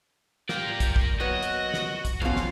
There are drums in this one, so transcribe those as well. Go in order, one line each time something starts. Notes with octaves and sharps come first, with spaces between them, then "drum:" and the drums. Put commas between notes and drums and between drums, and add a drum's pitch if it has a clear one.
A#3 G4 A#4 D5, drum: snare
drum: kick, hi-hat
drum: kick
F#3 B3 F#4 D#5
drum: hi-hat
drum: snare
drum: kick, hi-hat
F2 B2 C#4 F4 F5, drum: kick
drum: snare